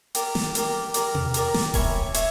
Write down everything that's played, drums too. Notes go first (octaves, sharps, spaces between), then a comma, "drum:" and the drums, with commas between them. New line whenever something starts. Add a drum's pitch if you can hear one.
G4 A#4 D5, drum: hi-hat
drum: snare
G4 A#4 D5, drum: hi-hat
G4 A#4 D5, drum: hi-hat
drum: tom
G4 A#4 D5, drum: hi-hat
drum: snare
C#5 E5 G#5 B5, drum: kick D#1, open hi-hat
C#5 E5, drum: hi-hat